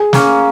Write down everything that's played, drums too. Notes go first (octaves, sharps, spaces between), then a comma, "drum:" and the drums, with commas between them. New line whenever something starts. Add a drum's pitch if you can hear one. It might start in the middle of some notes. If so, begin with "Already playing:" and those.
Already playing: G#4
A#3 C#4, drum: snare